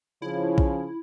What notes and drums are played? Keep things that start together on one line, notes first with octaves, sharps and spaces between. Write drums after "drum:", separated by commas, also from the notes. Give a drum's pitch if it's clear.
C#3 F3 C#4 E4
drum: kick A#1